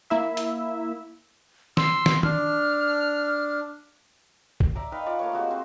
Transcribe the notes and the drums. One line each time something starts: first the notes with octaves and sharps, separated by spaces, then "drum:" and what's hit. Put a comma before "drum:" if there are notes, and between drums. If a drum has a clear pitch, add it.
A#3 E4 E5
drum: hi-hat
C6 E6, drum: snare
drum: snare
D4 F6, drum: tom D#3
drum: kick
D5 E5 A#5 D6
D#4 B4 F5 G5
F4 D5 F#5
A3 A#3 C#5
G#3 C4 F#4 G4
C4 F#4 C6